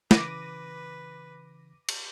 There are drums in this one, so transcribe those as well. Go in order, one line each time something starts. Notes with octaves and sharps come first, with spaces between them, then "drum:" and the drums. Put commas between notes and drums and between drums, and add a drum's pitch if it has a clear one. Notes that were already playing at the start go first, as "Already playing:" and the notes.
C#3 E3 B4 D6 A#6 D#7, drum: snare
drum: cymbal